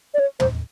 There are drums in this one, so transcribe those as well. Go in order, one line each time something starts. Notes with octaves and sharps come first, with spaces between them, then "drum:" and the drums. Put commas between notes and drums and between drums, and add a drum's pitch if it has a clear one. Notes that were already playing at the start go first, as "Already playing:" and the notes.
D5
C#5
C5, drum: tom